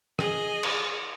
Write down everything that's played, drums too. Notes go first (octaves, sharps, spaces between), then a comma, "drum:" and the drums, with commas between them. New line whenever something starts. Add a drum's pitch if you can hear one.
G#4 D#5, drum: rim click
drum: cymbal